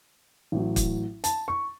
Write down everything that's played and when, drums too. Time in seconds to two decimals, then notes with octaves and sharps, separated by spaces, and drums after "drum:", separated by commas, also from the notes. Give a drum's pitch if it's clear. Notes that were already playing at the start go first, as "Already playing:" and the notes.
0.52 A1 A2 F#3
0.76 drum: kick, hi-hat
1.24 A5, drum: hi-hat
1.48 C#6